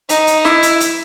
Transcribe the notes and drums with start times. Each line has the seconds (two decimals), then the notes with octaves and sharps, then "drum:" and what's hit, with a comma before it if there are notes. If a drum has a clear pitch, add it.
0.09 D#4, drum: hi-hat
0.27 drum: hi-hat
0.45 E4, drum: snare
0.63 drum: hi-hat
0.80 drum: hi-hat